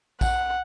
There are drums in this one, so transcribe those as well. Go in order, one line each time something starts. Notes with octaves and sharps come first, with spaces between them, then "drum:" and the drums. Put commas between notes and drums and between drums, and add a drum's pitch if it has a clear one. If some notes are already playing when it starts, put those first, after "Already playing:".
F#5, drum: kick, tambourine